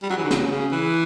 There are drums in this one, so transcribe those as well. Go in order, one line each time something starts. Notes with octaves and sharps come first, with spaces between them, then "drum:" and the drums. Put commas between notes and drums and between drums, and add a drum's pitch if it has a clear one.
G3
F#3
E3
D3
C#3, drum: snare
C#3
E3